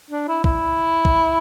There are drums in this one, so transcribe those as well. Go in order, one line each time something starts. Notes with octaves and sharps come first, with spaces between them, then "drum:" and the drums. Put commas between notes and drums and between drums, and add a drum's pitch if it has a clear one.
D4
E4
E4, drum: kick B1
drum: kick B1